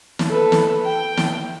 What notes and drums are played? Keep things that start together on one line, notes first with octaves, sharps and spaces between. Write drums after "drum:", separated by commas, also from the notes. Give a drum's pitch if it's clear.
drum: snare
A4 B4
drum: snare
G5
drum: snare